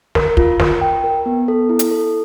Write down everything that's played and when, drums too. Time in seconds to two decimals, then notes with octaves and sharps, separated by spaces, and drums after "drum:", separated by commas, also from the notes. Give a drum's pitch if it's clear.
0.15 A#4, drum: snare
0.37 F4, drum: kick
0.60 A#4, drum: snare
0.81 G5
1.04 A#4
1.26 B3
1.48 A4
1.69 E4
1.79 drum: hi-hat
1.91 A4